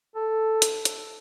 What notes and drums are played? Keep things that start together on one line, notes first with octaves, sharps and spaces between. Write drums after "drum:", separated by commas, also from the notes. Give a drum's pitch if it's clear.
A4
drum: hi-hat
drum: hi-hat